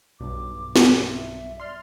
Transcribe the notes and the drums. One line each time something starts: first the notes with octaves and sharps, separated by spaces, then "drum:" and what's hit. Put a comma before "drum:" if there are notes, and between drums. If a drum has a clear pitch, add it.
B1 G2 D6
drum: snare
E5
D5 C6 F6